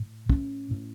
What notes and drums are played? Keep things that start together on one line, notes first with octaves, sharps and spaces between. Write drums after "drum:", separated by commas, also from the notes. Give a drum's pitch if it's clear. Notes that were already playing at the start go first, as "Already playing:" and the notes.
Already playing: A2
A2 C#4, drum: kick
A2